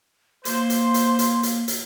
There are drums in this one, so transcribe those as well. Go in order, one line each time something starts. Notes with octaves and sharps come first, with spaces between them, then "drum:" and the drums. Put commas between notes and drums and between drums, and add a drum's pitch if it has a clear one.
A#3 C5, drum: hi-hat
drum: hi-hat
drum: hi-hat
drum: hi-hat
drum: hi-hat
drum: hi-hat